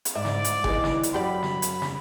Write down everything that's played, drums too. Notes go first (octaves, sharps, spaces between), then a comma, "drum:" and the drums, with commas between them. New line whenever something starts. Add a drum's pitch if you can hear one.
drum: hi-hat
G#2 D5 E5
drum: snare
drum: hi-hat
D#2 E3 G#4 D#5, drum: kick G1
drum: snare
drum: hi-hat
F#2 G4 D5 B5
drum: snare
drum: hi-hat
drum: snare